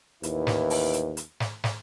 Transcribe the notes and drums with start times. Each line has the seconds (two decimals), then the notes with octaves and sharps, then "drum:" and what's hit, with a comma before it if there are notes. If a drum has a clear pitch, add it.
0.23 A1 D#2 E4 B4, drum: hi-hat
0.47 drum: snare
0.70 drum: open hi-hat
0.93 drum: hi-hat
1.17 drum: hi-hat
1.40 drum: snare
1.64 drum: snare